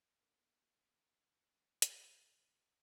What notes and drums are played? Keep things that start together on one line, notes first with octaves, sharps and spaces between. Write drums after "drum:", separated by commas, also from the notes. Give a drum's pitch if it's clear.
A#3 B3 D4 G4 A4 A#4
drum: hi-hat